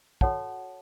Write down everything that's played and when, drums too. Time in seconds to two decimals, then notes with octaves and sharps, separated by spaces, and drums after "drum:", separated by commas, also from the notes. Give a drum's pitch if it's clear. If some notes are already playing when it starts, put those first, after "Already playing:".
0.21 F#4 A4 C#5 F#5 A5, drum: kick